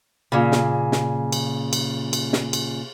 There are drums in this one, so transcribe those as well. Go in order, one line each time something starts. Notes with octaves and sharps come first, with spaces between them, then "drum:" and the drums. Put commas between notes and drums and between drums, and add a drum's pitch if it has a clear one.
A#2 C#3
drum: snare
drum: snare
drum: cymbal
drum: cymbal
drum: cymbal
drum: snare
drum: cymbal